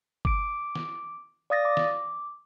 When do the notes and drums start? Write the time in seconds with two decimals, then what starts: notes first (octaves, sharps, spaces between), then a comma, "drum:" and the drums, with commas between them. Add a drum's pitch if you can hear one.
0.25 D6 D7, drum: kick G1
0.75 drum: snare
1.50 D5 F5 D#6 A6 A#6
1.65 D6
1.77 drum: snare